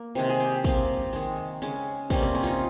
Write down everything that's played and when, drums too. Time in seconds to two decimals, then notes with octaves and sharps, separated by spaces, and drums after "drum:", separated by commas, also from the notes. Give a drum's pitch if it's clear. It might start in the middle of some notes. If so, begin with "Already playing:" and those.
Already playing: A#3
0.15 C3 D#3 G#3
0.29 G#4
0.40 G4
0.64 C3 F3 A#3 F4, drum: kick
1.13 D#3 G#3
1.62 C#3 G#3 C#4
2.10 C3 G3 A#3 C#4, drum: kick
2.23 C4
2.35 C#4
2.43 D#4 F4